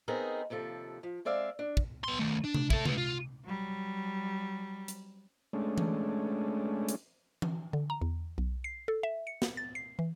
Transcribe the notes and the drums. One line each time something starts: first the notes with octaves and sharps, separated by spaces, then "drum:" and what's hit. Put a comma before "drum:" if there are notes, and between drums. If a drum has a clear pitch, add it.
B3 C4 D#4 G#4 A#4
D#2 C3 F3 A4
F3
G#3 C4 D5 E5 F5
D4
drum: kick
B3 C6
D#3 A3
D4
drum: tom C3
E4 A4, drum: kick
F4 B4, drum: tom C3
F4
F#3 G3
drum: hi-hat
G#3 A3 C#4 D4
drum: tom E3
drum: hi-hat
drum: tom E3
D3
A#5
E2
B1
C7
A4
E5
C#7
drum: snare
A6
C7
E3